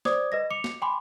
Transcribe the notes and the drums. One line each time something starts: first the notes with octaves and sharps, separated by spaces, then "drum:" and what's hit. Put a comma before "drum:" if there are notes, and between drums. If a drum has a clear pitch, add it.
C5 D5 D6 D#6 G#6, drum: snare
B4 D#5 A#6
D6 C#7 F7
drum: snare
G5 G#5 B5 C6 D6